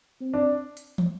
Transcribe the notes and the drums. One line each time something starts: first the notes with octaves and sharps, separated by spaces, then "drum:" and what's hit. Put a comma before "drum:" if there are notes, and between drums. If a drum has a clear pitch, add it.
C4
D4
drum: hi-hat
drum: tom